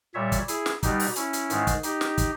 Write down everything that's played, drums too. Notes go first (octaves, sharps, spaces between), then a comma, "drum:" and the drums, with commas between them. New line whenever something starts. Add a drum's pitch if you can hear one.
A#2 G3 C#5 E5
drum: kick, hi-hat
E4 G#4, drum: hi-hat
drum: snare
B2 G3 D#4 G4, drum: kick, hi-hat
drum: open hi-hat
C#4 E4, drum: hi-hat
drum: hi-hat
G#2 D#3 G#3, drum: hi-hat
drum: kick, hi-hat
D#4 G4, drum: hi-hat
drum: snare
drum: kick, hi-hat